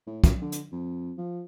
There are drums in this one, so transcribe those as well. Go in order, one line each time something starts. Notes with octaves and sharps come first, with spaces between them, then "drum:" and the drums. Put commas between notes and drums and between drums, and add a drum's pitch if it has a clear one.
A2
F#2, drum: kick, hi-hat
D3
drum: hi-hat
F2
F3